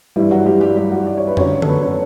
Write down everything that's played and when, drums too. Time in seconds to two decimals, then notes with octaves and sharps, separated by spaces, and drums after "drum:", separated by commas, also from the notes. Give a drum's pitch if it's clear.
0.16 G2 E3 G3 E4
0.31 F#3 F#4
0.46 G3 G4
0.61 G3 G4
0.77 G3 G4
0.92 F#3 F#4
1.07 D5
1.17 C#5
1.27 B4
1.37 F#2 D3 F#3 C#4 C#5, drum: tom F2
1.62 A4, drum: tom D3
1.68 B3 B4
1.83 C#4 C#5